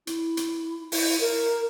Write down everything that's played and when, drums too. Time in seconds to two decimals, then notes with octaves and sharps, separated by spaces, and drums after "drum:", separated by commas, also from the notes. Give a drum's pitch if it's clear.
0.07 E4, drum: hi-hat
0.37 drum: hi-hat
0.92 E4, drum: open hi-hat
1.20 A#4